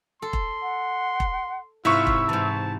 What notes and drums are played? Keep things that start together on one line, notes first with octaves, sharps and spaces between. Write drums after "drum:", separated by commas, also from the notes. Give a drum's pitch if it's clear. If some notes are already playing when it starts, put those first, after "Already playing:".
A4 C6
drum: kick E1
F#5
drum: kick E1
G#2 C3 E4 F4 B4 E5 C#6 E6
drum: kick E1
G#2 E3 A5